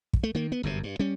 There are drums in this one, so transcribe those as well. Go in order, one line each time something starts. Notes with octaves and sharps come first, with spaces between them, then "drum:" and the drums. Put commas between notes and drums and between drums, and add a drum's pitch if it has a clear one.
drum: kick
A3
D#3 A#3
B3
G1 F#2 C3
G2
G3 C#4